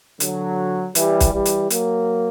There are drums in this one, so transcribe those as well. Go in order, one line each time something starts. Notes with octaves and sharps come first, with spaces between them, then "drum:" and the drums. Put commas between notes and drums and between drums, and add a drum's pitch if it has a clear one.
D3 F#3, drum: hi-hat
E3 G3, drum: hi-hat
drum: kick, hi-hat
E3 G3
drum: hi-hat
F#3 A#3, drum: hi-hat